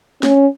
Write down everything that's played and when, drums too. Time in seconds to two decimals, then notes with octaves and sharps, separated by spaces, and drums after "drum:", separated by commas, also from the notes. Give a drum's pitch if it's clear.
0.23 C#4, drum: snare